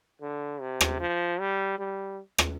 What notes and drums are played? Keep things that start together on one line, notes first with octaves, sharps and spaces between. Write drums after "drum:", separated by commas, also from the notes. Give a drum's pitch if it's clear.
D3
C3
drum: rim click
F3
G3
G3
drum: rim click